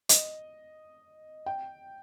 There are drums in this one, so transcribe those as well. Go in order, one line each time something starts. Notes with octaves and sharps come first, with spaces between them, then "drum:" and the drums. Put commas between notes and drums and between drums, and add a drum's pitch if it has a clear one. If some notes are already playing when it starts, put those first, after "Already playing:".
D#5, drum: hi-hat
G5